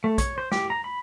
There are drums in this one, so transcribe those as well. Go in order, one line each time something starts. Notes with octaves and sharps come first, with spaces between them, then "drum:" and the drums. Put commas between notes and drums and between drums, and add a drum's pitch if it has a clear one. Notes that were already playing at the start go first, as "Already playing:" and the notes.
A3
C#5, drum: kick A#1, hi-hat
C5
G4, drum: snare
A#5
B5